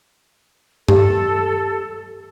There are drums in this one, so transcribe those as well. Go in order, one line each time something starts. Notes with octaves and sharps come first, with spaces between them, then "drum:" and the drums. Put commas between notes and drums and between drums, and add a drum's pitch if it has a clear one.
G4 A4, drum: tom G2